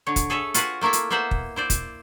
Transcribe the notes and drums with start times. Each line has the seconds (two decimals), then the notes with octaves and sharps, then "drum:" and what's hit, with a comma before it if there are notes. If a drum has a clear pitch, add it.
0.07 D3 C#5
0.16 drum: kick, hi-hat
0.30 G#4 A4 C#5 E5
0.54 F4 F#4 G#4 B4 F#5, drum: hi-hat
0.81 A3 A#3 E4 F4 E5
0.93 drum: hi-hat
1.10 A#3 B3 C5 E5 F#5
1.31 drum: kick
1.56 E4 C5 D5
1.70 drum: kick, hi-hat